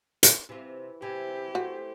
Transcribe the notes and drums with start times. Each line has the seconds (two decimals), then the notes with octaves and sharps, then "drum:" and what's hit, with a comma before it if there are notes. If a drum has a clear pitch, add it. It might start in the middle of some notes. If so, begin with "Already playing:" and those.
0.23 drum: hi-hat
0.49 C3 E3 F4
1.02 C3 E4 G4 G#5
1.55 A3 F#4 C5